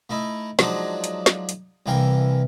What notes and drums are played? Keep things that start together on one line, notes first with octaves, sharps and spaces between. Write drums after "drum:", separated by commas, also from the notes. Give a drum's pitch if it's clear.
A3 D#4 E4
F3 F#3 G#3 D4 D#4 D5, drum: snare
drum: hi-hat
drum: snare
drum: hi-hat
C2 E3 A#4 F5 G5 G#5